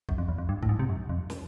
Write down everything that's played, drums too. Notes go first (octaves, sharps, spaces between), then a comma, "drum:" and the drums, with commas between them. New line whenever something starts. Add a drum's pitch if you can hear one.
F#2, drum: kick B1
F2
E2
F2
G2
A2, drum: kick B1
G#2
C3
F#2
F2
drum: snare